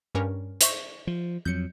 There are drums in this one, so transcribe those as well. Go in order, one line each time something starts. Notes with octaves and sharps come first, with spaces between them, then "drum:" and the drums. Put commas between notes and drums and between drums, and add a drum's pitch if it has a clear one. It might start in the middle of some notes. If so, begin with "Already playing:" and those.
G2 C#4 A#4
C5 E5 C#6, drum: hi-hat
F3
F2 F#3 G6 C#7